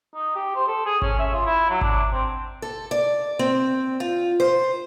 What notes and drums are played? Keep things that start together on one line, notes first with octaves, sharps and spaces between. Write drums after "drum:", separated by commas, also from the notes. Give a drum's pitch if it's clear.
D#4
G4
C5
A4
G#4
C#4, drum: kick G#1
E5
F4
E4
F#3
D4, drum: kick G#1
C4
A4
D5
C4
F4
C5